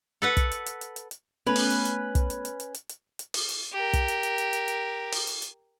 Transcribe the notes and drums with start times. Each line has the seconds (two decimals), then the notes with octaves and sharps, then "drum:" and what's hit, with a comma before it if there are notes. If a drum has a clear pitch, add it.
0.22 A4 B4 F#5
0.37 drum: kick, hi-hat
0.52 drum: hi-hat
0.66 drum: hi-hat
0.81 drum: hi-hat
0.96 drum: hi-hat
1.11 drum: hi-hat
1.47 A3 B3 C#4 B4
1.56 drum: open hi-hat
1.70 drum: hi-hat
1.85 drum: hi-hat
2.15 drum: kick, hi-hat
2.30 drum: hi-hat
2.45 drum: hi-hat
2.60 drum: hi-hat
2.74 drum: hi-hat
2.89 drum: hi-hat
3.19 drum: hi-hat
3.34 drum: open hi-hat
3.49 drum: hi-hat
3.72 G4 A#4
3.93 drum: kick, hi-hat
4.08 drum: hi-hat
4.23 drum: hi-hat
4.38 drum: hi-hat
4.53 drum: hi-hat
4.68 drum: hi-hat
5.12 drum: open hi-hat
5.27 drum: hi-hat
5.42 drum: hi-hat